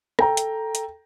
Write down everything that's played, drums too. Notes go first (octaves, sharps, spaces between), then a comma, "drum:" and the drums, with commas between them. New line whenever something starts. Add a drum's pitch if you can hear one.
A4 G5 A#5, drum: rim click
drum: hi-hat
drum: hi-hat